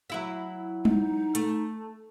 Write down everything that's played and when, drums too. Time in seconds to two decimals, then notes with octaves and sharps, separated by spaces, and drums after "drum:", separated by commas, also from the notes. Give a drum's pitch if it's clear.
0.10 F#3 E4 E5
0.85 D#4, drum: tom G3
1.35 A3, drum: hi-hat